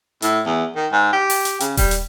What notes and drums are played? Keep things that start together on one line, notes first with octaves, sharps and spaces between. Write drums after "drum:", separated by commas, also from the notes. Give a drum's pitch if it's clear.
A2, drum: hi-hat
E2
D#3
G#2
G4
drum: open hi-hat
drum: hi-hat
C#3, drum: hi-hat
G3, drum: kick D#1, open hi-hat
drum: hi-hat